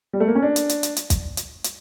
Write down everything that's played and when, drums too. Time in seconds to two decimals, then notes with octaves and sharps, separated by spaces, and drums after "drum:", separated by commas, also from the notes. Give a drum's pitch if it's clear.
0.13 G3
0.20 A3
0.28 A#3
0.35 C#4
0.42 D4
0.56 drum: hi-hat
0.69 drum: hi-hat
0.83 drum: hi-hat
0.97 drum: hi-hat
1.10 drum: kick, hi-hat
1.37 drum: hi-hat
1.64 drum: hi-hat